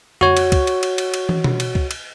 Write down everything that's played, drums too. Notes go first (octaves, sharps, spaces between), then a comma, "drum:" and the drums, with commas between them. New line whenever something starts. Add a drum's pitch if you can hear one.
F#4 C#5, drum: tom F2
drum: cymbal
drum: kick C#2, cymbal
drum: cymbal
drum: cymbal
drum: cymbal
drum: cymbal
drum: tom
drum: tom B2
drum: cymbal
drum: kick C#2
drum: cymbal